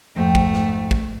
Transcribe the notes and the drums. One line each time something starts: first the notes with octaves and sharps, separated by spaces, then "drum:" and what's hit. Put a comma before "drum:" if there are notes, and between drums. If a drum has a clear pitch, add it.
F2 G#2 A3 G5
drum: kick
drum: snare
drum: kick